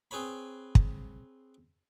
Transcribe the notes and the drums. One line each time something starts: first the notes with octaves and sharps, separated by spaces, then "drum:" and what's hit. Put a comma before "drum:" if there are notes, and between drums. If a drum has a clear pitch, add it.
C4 G#4 B4 C#5 B5
drum: kick